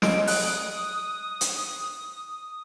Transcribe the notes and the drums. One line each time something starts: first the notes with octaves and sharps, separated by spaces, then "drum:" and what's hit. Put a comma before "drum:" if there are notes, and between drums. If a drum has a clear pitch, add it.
D#5 D7, drum: snare
D#6 F#6, drum: open hi-hat
drum: hi-hat